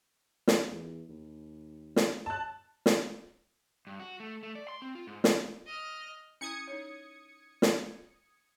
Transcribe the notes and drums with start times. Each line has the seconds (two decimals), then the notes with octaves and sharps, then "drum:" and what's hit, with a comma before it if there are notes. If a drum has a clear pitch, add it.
0.47 drum: snare
0.71 E2
1.09 D#2
1.96 drum: snare
2.26 A5 F#6
2.86 drum: snare
3.87 G2
4.00 F#4
4.20 A3
4.43 A3
4.55 D5
4.68 C6
4.82 C4
4.95 F4
5.07 G#2
5.24 drum: snare
5.66 D#5 F6
6.41 C#4 E4 D#6 G#6 C#7
6.67 D#4 C#5
7.62 drum: snare